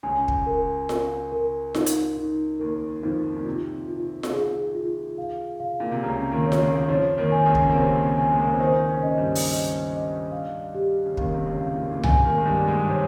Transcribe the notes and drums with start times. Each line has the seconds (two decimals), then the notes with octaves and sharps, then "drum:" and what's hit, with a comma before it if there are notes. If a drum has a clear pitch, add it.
0.03 C#2 C#3 G#5
0.28 drum: kick
0.46 A#4
0.89 A#4, drum: snare F4
1.32 A#4
1.75 D#4, drum: snare F4
1.86 drum: hi-hat
2.17 D#4
2.60 D#2 D#3 A#4
3.03 F2 F3 D#4
3.36 A#2
3.45 C3 F4
3.88 F4
4.23 drum: snare F4
4.32 G#4
4.75 F4
5.18 F5
5.60 F5
5.80 A#2
5.91 C3
6.03 C#2 C#3 A#5
6.31 D#2 D#3
6.46 C#5
6.52 C#3, drum: snare F4
6.60 D#2 D#3
6.88 F2 F3 C#5
7.18 D#2 D#3
7.32 G#5
7.46 C#2 C#3
7.55 drum: kick
7.70 A#3
7.74 C3 C4 C#5
8.18 G#5
8.32 G#3
8.39 A#3
8.46 C4
8.53 C#4
8.60 D#3 D#4 C5
8.89 C#3 C#4
9.03 D#5
9.18 G2 G3
9.35 drum: open hi-hat
9.46 D#5
9.89 D#5
10.32 F5
10.75 G4
11.06 C#3
11.17 D#2 D#3 F5, drum: kick
11.34 C3
11.46 C#2 C#3
11.61 F5
11.75 A#2
11.91 A#2
12.03 C3 G#5, drum: tom C2
12.25 D#2 D#3
12.37 G#3
12.46 G2 G3 G#5
12.57 G3
12.67 G#2 G#3
12.89 C3 C4 C#5